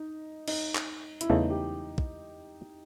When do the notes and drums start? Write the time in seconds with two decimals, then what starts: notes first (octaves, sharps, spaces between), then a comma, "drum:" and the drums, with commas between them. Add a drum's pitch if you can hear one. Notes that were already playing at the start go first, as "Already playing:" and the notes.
Already playing: D#4
0.48 D#4, drum: cymbal
0.75 drum: clap
1.21 E4, drum: hi-hat
1.29 E2 C#3 E3 A3 D#4
1.50 G4
1.98 drum: kick